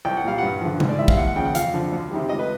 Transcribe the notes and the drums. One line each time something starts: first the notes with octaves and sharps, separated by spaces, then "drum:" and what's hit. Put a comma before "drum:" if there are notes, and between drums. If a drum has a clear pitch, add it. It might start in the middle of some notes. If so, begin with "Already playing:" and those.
C2 G5
F#5
A#2 G3 F5
G2 F#5
D3 F3
G#2, drum: tom C3
D5
E3 G3 E5
F5, drum: kick
D#2 F#5
F#5
C#3 F3 G5
F#5
F2 F5, drum: hi-hat
D3 F3
D2
C3 D#3 G3
C#2 D#5
B4